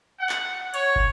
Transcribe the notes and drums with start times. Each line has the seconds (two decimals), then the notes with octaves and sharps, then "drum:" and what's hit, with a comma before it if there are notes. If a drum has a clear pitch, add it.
0.20 F#5
0.29 drum: clap
0.74 C#5, drum: cymbal
0.96 drum: kick